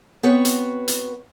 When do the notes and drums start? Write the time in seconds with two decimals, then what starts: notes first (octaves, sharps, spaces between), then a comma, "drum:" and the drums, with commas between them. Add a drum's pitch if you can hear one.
0.23 B3 C4 F#4 B4 C#5
0.45 drum: hi-hat
0.88 drum: hi-hat